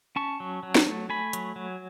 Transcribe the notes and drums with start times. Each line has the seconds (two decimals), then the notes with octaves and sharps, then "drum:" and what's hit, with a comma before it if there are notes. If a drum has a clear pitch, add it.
0.16 C#4 A5 C#6
0.40 F#3
0.63 F#3
0.75 drum: snare
0.86 A3
1.09 A3 G#5 B5
1.33 F#3, drum: hi-hat
1.56 F#3